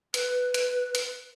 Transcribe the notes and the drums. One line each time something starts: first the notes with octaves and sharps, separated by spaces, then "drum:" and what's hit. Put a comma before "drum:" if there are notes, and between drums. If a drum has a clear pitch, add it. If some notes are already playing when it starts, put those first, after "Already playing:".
B4, drum: hi-hat
drum: hi-hat
drum: hi-hat